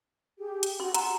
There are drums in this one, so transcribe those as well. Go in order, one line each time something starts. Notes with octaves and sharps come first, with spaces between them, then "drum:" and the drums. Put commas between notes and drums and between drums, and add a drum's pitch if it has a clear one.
G4 G#4
drum: hi-hat
F#4 C6
F#5 G#5 A#5 C6, drum: hi-hat